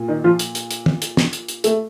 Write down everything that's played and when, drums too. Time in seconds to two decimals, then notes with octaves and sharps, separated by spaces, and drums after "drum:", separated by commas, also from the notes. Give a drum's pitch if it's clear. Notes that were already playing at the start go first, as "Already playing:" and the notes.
Already playing: A#2
0.08 D#3 D#4
0.24 F3 F4
0.39 drum: hi-hat
0.55 drum: hi-hat
0.71 drum: hi-hat
0.86 drum: tom
1.02 drum: hi-hat
1.17 drum: snare
1.33 drum: hi-hat
1.48 drum: hi-hat
1.64 A3 A4, drum: hi-hat